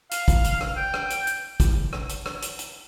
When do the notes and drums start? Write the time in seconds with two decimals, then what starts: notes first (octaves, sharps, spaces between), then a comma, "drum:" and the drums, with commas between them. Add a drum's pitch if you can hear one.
0.11 F5, drum: hi-hat
0.28 drum: kick, hi-hat
0.44 drum: hi-hat
0.61 drum: rim click
0.77 G5
0.94 drum: rim click
1.10 drum: hi-hat
1.27 drum: hi-hat
1.60 drum: kick, hi-hat
1.93 drum: rim click
2.09 drum: hi-hat
2.26 drum: rim click
2.42 drum: hi-hat
2.59 drum: hi-hat